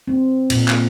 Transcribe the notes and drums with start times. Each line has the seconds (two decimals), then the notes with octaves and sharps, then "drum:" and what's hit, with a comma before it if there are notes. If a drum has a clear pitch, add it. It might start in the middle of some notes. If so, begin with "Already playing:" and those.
0.07 C4
0.50 A#2, drum: cymbal
0.68 drum: clap